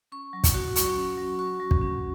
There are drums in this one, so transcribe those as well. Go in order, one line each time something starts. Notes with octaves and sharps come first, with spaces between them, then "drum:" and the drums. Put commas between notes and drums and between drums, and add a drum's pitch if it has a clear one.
C#4 C#6
F#3
drum: kick, hi-hat
F#4
F#3 C#6, drum: hi-hat
C#4
F#3
F#4 C#6
F#3
drum: kick
C#4